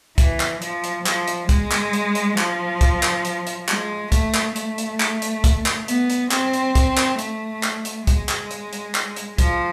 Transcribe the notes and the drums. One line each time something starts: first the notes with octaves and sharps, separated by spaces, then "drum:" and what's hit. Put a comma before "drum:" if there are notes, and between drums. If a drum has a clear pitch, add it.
E3, drum: kick, hi-hat
drum: clap
F3, drum: hi-hat
drum: hi-hat
F3, drum: clap
drum: hi-hat
G#3, drum: kick, hi-hat
drum: clap
drum: hi-hat
drum: hi-hat
F3, drum: clap
drum: kick, hi-hat
drum: clap
drum: hi-hat
drum: hi-hat
G#3, drum: clap
A3, drum: kick, hi-hat
drum: clap
A3, drum: hi-hat
drum: hi-hat
drum: clap
drum: hi-hat
drum: kick, hi-hat
drum: clap
B3, drum: hi-hat
drum: hi-hat
C4, drum: clap
drum: hi-hat
drum: kick, hi-hat
drum: clap
A3, drum: hi-hat
drum: clap
drum: hi-hat
G#3, drum: kick, hi-hat
drum: clap
drum: hi-hat
drum: hi-hat
drum: clap
drum: hi-hat
F3, drum: kick, hi-hat